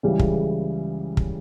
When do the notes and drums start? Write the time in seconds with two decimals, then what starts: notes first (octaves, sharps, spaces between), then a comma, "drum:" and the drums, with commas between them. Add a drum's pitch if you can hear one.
0.03 C#2 C#3 E3 G3
0.19 drum: kick
1.17 drum: kick